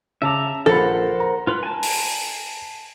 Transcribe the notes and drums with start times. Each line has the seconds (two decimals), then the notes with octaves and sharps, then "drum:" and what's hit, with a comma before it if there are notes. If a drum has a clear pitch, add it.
0.22 C#3 E5 A5 A#5 D6
0.66 A#1 F4 A4 A#4 C5 F#5 B5
1.20 A#5
1.47 F4 B4
1.63 G#5 A5
1.83 drum: open hi-hat